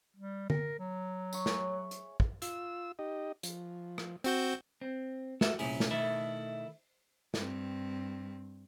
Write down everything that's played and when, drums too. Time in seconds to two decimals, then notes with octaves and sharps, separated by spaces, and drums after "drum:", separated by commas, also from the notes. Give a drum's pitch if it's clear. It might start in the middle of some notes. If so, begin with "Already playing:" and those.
0.17 G3
0.50 A#4, drum: tom D3
0.79 F#3
1.33 E5 B5 C#6, drum: tambourine
1.46 G#4 C#5, drum: snare
1.91 drum: hi-hat
2.20 drum: kick
2.42 F4 E6, drum: hi-hat
2.99 D#4 G4 D#5
3.43 F3, drum: hi-hat
3.98 drum: rim click
4.24 C4 F#4 G6, drum: hi-hat
4.81 C4
5.41 F#4 E5, drum: snare
5.59 C2 A#2 C#4 E4 G#4, drum: open hi-hat
5.80 drum: snare
5.91 B2 D#3 A3 E4 E5
7.34 G2 C4, drum: snare